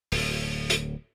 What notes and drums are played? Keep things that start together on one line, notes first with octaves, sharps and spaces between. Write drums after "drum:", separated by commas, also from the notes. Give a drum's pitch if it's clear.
D1, drum: open hi-hat
drum: hi-hat